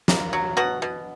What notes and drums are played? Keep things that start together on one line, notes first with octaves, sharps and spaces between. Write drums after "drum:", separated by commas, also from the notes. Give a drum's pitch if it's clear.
A#3, drum: snare
F#3
B2 F#4 F#5
B2